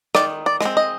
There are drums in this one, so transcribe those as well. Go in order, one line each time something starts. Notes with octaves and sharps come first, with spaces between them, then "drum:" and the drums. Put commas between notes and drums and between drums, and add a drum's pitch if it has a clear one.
D#3 D5, drum: rim click
D5
G#3 C4, drum: rim click
D#5